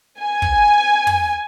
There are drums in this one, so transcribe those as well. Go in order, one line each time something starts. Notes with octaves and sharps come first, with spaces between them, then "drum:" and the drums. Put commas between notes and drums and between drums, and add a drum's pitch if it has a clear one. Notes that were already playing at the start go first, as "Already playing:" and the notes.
G#5
drum: kick
drum: tom